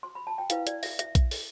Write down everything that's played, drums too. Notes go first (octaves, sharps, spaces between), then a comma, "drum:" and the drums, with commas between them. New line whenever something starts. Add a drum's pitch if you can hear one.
C6
B5
A5
G5
E4 B4 F5, drum: hi-hat
D5, drum: hi-hat
E5, drum: open hi-hat
E5, drum: hi-hat
drum: kick A#1, hi-hat
drum: open hi-hat